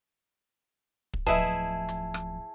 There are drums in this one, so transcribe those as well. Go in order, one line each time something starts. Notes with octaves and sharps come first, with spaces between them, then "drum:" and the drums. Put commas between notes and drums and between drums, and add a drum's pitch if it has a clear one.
drum: kick
D1 F3 E4 G#4 B4 D#5 E5 A5, drum: kick
drum: hi-hat
drum: rim click